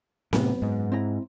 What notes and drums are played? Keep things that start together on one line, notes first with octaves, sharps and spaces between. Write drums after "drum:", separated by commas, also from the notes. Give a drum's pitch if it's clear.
F#2 A2 C3 B3, drum: snare C4
G#2
C4 E4 A#5